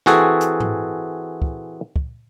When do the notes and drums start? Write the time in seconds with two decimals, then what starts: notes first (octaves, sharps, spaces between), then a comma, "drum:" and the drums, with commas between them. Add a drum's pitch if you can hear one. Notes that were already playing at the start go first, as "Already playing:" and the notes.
0.06 E3 C4 F#4 G#4 A4, drum: snare
0.41 drum: hi-hat
0.60 drum: tom G#2
1.42 drum: kick
1.96 drum: kick